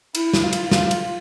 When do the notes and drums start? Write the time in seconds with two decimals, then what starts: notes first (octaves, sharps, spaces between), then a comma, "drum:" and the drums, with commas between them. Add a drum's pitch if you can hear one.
0.15 E4, drum: cymbal
0.33 drum: snare
0.43 F4
0.53 drum: cymbal
0.71 F4, drum: snare
0.91 drum: cymbal